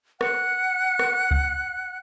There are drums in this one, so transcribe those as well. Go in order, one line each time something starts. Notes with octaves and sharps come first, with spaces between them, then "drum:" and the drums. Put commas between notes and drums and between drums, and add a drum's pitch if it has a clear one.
F#5 F#6, drum: rim click
drum: rim click
drum: kick C#2